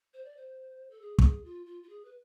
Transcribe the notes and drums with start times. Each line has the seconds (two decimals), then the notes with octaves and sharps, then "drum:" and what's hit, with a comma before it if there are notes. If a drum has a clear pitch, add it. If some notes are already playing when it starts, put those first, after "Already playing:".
0.14 C5
0.25 D5
0.37 C5
0.91 A4
1.01 G#4
1.19 A4, drum: kick
1.23 G#4
1.45 F4
1.66 F4
1.83 F4
1.89 G#4
2.05 B4